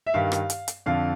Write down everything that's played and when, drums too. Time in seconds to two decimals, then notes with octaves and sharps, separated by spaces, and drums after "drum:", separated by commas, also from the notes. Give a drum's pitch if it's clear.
0.06 E5
0.14 G2 D#3 F5
0.32 drum: rim click
0.50 drum: hi-hat
0.68 drum: hi-hat
0.86 F2 D3 F3 F5